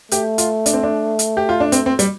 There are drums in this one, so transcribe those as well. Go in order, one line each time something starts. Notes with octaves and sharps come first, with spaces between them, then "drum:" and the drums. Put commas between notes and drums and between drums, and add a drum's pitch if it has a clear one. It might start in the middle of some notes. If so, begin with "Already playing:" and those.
A3 G4, drum: hi-hat
F4, drum: hi-hat
D4, drum: hi-hat
C4
D4
drum: hi-hat
G4
F4
D4
C4, drum: hi-hat
C4
G3, drum: hi-hat